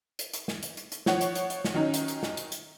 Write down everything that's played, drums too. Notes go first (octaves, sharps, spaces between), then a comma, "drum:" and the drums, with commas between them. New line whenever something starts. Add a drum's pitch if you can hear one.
drum: hi-hat
drum: hi-hat
drum: snare
drum: hi-hat
drum: hi-hat
drum: hi-hat
F3 C#5 F#5, drum: snare
drum: hi-hat
drum: hi-hat
drum: hi-hat
drum: snare
D#3 F#3 C#4 D#4
drum: hi-hat
drum: hi-hat
drum: snare
drum: hi-hat
drum: hi-hat